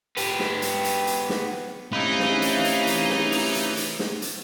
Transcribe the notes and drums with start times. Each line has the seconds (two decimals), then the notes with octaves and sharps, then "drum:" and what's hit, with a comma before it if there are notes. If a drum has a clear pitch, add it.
0.17 B3 G4, drum: hi-hat
0.39 drum: snare
0.62 drum: hi-hat
0.84 drum: hi-hat
1.07 drum: hi-hat
1.29 drum: snare
1.93 C3 A3 C#4 D#4 E4 B4 F5
2.19 drum: snare
2.42 drum: hi-hat
2.64 drum: hi-hat
2.87 drum: hi-hat
3.09 drum: snare
3.32 drum: open hi-hat
3.54 drum: hi-hat
3.77 drum: hi-hat
3.99 drum: snare
4.22 drum: hi-hat